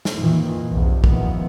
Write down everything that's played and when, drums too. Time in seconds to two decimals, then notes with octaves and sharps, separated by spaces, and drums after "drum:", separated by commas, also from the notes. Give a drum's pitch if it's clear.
0.05 drum: snare
0.17 F2 A#2 D#3 E3
0.70 B1 E2 G2 C3
1.04 F2 A#2 D#3 E3 B3, drum: kick